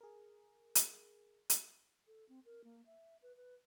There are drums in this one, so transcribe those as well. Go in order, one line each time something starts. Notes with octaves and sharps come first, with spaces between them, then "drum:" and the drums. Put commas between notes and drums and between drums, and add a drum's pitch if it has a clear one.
G#4 A#4
drum: hi-hat
drum: hi-hat
A4
C4
A#4
A#3
E5
B4
B4